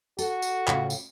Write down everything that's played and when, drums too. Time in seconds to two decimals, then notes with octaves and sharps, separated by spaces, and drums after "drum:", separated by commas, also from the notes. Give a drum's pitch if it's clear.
0.19 F#4 A4, drum: tambourine
0.42 drum: tambourine
0.68 A2 C#3 F4, drum: clap
0.90 drum: tambourine